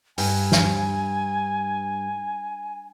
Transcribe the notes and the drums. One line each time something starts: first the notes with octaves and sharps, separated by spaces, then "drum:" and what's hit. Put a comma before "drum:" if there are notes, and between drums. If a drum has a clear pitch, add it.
G2 G#5, drum: open hi-hat
drum: snare